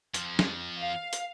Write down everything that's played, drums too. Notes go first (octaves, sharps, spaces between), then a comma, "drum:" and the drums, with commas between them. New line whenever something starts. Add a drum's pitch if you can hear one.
F2 F3, drum: hi-hat
drum: snare
F5
drum: hi-hat